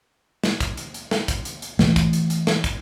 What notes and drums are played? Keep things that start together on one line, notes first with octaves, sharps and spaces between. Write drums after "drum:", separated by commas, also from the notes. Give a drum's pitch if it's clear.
drum: snare
drum: kick, hi-hat
drum: hi-hat
drum: hi-hat
drum: snare
drum: kick, hi-hat
drum: hi-hat
drum: hi-hat
E3 A3, drum: snare
drum: kick, hi-hat
drum: hi-hat
drum: hi-hat
drum: snare
drum: kick, hi-hat